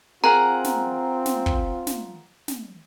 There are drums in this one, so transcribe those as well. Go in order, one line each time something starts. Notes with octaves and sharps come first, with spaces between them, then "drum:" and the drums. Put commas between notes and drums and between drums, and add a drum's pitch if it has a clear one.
C4 F4 G#4 A#4 F#5 A#5
drum: snare
drum: snare
drum: kick
drum: snare
drum: snare